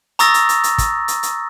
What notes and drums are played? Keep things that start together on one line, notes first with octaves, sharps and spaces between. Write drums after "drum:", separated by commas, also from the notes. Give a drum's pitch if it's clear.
A#5 C#6 D#6 E6 A6 A#6, drum: hi-hat
drum: hi-hat
drum: hi-hat
drum: hi-hat
drum: kick, hi-hat
drum: hi-hat
drum: hi-hat